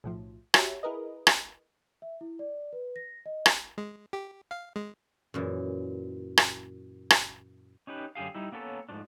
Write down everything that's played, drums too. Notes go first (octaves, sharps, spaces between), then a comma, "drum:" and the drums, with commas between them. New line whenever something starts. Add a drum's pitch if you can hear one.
B1 A2 F3
F#4 G4 C#5 E5, drum: rim click
E4 G#4 A#4 B4 D#5
drum: rim click
E5
E4
D5
B4
A#6
D#5
drum: rim click
G#3
G4
F5
G#3
F#2 A#2 E3
drum: rim click
drum: rim click
C#4 D#4 G4 B4
F#2 D3 G4 G#4 F5
G3 D#4 E4
A#3 B3 C#4 A4 A#4 C#5
G#2 B2 F3 A3 D4